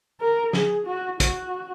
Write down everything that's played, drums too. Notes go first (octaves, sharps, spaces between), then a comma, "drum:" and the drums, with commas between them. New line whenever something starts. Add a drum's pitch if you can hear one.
A#4
G#4, drum: snare
F#4
F#4, drum: kick, hi-hat